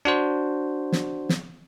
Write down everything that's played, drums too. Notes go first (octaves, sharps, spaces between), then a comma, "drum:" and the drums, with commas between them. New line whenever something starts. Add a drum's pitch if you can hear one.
D4 F#4 C5
drum: snare
drum: snare